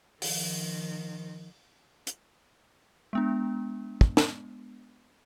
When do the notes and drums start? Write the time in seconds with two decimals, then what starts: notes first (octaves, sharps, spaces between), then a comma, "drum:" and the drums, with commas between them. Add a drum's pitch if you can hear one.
0.22 D#3 F3, drum: open hi-hat
2.07 drum: hi-hat
3.13 G#3 B3 D4
4.01 drum: kick
4.17 drum: snare